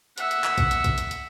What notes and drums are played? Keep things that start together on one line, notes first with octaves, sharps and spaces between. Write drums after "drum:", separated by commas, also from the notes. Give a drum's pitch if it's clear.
E5 F#5, drum: hi-hat
drum: hi-hat
drum: clap
drum: kick B1, hi-hat
drum: hi-hat
drum: kick B1, hi-hat
drum: hi-hat
drum: hi-hat